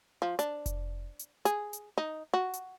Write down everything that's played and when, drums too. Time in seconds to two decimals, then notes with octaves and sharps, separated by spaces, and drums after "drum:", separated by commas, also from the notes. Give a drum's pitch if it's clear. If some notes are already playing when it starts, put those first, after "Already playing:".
0.22 F3
0.39 D4, drum: hi-hat
0.66 drum: kick F1, hi-hat
1.19 drum: hi-hat
1.45 G#4, drum: hi-hat
1.73 drum: hi-hat
1.98 D#4
2.34 F#4
2.53 drum: hi-hat